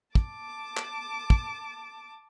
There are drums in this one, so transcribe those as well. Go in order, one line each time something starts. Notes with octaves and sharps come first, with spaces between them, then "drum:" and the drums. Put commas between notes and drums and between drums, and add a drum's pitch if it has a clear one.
A5 D6, drum: kick
drum: clap
drum: kick